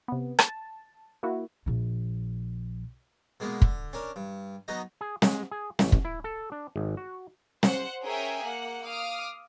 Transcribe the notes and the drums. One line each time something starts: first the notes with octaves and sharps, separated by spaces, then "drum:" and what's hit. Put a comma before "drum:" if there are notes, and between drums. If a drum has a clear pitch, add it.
C3 B3
A5, drum: rim click
A#3 E4 F#4
A#1 F3
B2 G#3 A#3 B3
D3, drum: kick
C#4 D4 A#4
G2
F#3 B3 D#4 F#4 D#5
G#4
G#3, drum: snare
G#4
A1, drum: snare
drum: kick
E4
A4
D4
G#1
F#4
C5 F#5, drum: snare
C#4 G#4 A#4 E5 G5 G#5
A#3 F#5
F5 D6 D#6 F6